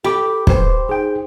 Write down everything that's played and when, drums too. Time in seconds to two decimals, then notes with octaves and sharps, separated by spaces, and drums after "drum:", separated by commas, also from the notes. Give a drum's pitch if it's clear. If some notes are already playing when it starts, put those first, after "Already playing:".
0.04 G4 A4 G5 B5 D6
0.47 B4 C5, drum: kick
0.89 D#4 G#4 G5